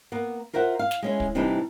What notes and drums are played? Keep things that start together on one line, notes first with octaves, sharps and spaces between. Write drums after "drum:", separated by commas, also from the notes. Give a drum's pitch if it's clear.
A#3 B3
F4 A#4 C5 E5 F#5
F5
drum: snare
G#3 C#4 E4
drum: kick
C3 E3 G3 D4 D#4 B4